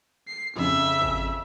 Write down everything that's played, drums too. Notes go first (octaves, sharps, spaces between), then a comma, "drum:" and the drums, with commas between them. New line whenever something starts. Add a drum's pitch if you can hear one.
C7
F2 C#3 E5, drum: tom E2
drum: kick G#1